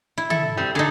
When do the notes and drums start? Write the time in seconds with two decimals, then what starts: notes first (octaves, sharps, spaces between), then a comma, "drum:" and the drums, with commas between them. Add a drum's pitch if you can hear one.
0.18 E4
0.30 E4 A4, drum: tom
0.57 G3 C4
0.75 D3 D#4 G#4 A4